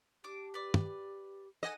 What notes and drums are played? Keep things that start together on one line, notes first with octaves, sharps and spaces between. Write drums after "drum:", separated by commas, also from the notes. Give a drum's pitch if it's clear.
D4 G4 D6
B4 D5
drum: tom
A4 D#5 F#5 G#5